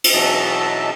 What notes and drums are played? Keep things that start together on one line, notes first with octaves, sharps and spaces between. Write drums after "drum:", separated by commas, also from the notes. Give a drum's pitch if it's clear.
drum: cymbal
B2 E3 F#3 D#5 E5 A5